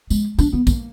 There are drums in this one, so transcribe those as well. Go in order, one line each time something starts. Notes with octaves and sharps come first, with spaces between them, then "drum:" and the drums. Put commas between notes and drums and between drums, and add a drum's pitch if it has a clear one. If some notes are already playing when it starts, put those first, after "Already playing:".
G#3, drum: tambourine
D4, drum: tambourine
B3
A#3, drum: kick, tambourine